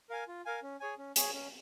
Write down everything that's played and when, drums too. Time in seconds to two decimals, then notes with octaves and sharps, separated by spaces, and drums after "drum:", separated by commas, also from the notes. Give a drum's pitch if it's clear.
0.10 A#4 F5 G#5
0.28 F4
0.46 A#4 F5 G#5
0.62 C#4
0.80 G#4 C#5 G#5
0.98 C#4
1.16 G#4 C#5 G#5, drum: hi-hat
1.33 C#4